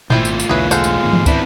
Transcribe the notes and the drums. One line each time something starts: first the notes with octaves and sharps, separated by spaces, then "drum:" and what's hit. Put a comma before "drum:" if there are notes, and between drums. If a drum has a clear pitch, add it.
G#1 A2 C4 E4 F4 C5, drum: tom A#2
drum: tambourine
drum: tambourine
B1 E2 D3 C#4 E4 G#4 B4
G#3 A4 C5 F5 F#5, drum: tambourine
drum: tambourine
G#2 D#3 B3
drum: tom E3
C4 D4 E4 B4 B5, drum: kick, tambourine